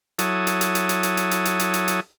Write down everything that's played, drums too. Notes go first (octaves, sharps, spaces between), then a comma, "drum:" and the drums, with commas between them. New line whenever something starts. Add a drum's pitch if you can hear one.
F#3 E4 A4 C#5 D#6, drum: hi-hat
drum: hi-hat
drum: hi-hat
drum: hi-hat
drum: hi-hat
drum: hi-hat
drum: hi-hat
drum: hi-hat
drum: hi-hat
drum: hi-hat
drum: hi-hat
drum: hi-hat